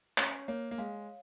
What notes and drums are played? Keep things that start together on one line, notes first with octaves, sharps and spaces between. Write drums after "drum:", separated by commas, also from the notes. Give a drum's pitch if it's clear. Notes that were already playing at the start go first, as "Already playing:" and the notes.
C#4 C#5, drum: clap
A#3 C#5
A#3
G#3 F5